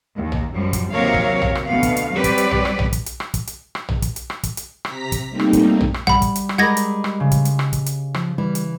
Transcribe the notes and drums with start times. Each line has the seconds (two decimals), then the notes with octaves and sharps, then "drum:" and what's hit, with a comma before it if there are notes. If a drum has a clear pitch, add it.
0.18 D#2
0.32 drum: tom A#1
0.53 F#2 F3 G3
0.73 drum: kick, hi-hat
0.93 D#2 C3 F#3 A#4 C#5 F5
1.14 drum: kick
1.42 drum: tom A#1
1.55 drum: rim click
1.65 D2 B2 B3 F5
1.83 drum: kick, hi-hat
1.97 drum: hi-hat
2.13 F#3 G3 C4 G4 B4 D5
2.24 drum: kick, hi-hat
2.38 drum: hi-hat
2.51 drum: tom A#1
2.65 drum: rim click
2.79 drum: tom A#1
2.93 drum: kick, hi-hat
3.06 drum: hi-hat
3.20 drum: rim click
3.34 drum: kick, hi-hat
3.47 drum: hi-hat
3.75 drum: rim click
3.89 drum: tom A#1
4.02 drum: kick, hi-hat
4.16 drum: hi-hat
4.30 drum: rim click
4.43 drum: kick, hi-hat
4.57 drum: hi-hat
4.85 C3 A#5 B6, drum: rim click
5.12 drum: kick, hi-hat
5.29 G3 A3 A#3 C4 D#4
5.39 drum: rim click
5.53 drum: kick, hi-hat
5.81 drum: tom A#1
5.94 drum: rim click
6.07 G3 F#5 B5, drum: tom A#1
6.22 drum: kick, hi-hat
6.35 drum: hi-hat
6.49 drum: rim click
6.58 G#3 G4 A#4 D#5 F#5 B5 G#6 A#6
6.77 drum: hi-hat
7.04 drum: rim click
7.20 C#3
7.32 drum: kick, hi-hat
7.45 drum: hi-hat
7.59 drum: rim click
7.73 drum: kick, hi-hat
7.86 drum: hi-hat
8.14 F3, drum: rim click
8.38 E3 G3
8.55 drum: hi-hat